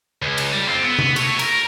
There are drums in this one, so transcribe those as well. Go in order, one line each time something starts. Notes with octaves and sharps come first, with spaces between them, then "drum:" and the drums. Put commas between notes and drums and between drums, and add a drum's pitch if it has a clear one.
C#2
drum: cymbal
G3
C4 F4
B3
drum: tom C3
A3 C#5, drum: cymbal
A#4, drum: cymbal